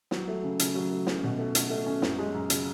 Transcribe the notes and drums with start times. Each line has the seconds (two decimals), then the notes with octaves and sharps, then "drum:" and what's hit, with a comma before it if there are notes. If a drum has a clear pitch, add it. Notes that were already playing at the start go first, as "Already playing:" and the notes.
0.11 F#3, drum: snare
0.28 A3
0.44 C#3
0.59 C#3, drum: hi-hat
0.75 F#3
0.91 A3
1.07 C#4, drum: snare
1.24 B2
1.39 A3
1.55 A3, drum: hi-hat
1.70 A3
1.87 C#4
2.02 F#2, drum: snare
2.18 G#3
2.34 F#2
2.50 C#3, drum: hi-hat